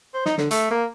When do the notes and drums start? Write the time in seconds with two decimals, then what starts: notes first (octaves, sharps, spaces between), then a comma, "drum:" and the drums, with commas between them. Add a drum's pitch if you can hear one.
0.14 C5
0.26 D#4, drum: snare
0.38 D3, drum: snare
0.51 A3, drum: hi-hat
0.71 A#3